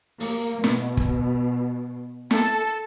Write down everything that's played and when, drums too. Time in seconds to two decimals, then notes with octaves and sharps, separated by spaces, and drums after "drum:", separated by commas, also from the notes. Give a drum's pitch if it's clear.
0.20 A#3, drum: open hi-hat
0.64 B2, drum: snare
0.97 drum: kick
2.31 A4, drum: snare